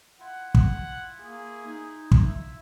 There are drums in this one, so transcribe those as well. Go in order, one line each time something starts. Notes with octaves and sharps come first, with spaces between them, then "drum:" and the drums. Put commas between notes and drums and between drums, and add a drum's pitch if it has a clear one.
E4 F4 F#5
drum: kick
A#3 G#4
D#4
drum: kick
E5